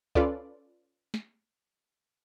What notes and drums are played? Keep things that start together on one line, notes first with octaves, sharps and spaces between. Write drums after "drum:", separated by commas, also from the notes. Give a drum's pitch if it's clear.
C#4 F4 A4 B4 D5, drum: kick C#2
drum: snare